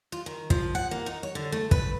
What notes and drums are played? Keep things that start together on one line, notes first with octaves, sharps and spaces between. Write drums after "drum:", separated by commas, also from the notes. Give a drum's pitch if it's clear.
F4
D#3
F3, drum: kick
F#5
A#3
D#4
C#5
D3
A3
B4, drum: kick